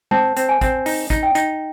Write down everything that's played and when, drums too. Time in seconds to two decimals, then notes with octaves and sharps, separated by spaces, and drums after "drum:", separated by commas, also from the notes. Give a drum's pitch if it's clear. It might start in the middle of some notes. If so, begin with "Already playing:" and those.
0.11 C4 A5, drum: tom G#3
0.37 C4, drum: hi-hat
0.49 G#5
0.61 C4, drum: kick, hi-hat
0.86 D#4, drum: open hi-hat
1.10 D#4, drum: kick, hi-hat
1.23 G5
1.35 D#4, drum: hi-hat